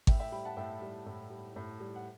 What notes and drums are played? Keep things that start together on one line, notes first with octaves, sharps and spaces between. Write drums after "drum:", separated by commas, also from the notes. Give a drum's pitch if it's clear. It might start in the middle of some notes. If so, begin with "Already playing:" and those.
A2 E5 G5, drum: kick G#1
E5 G5
G3 G5 B5
F#5 A5
A2 E5 G5
G3
A2
G3
A2
G3
F#5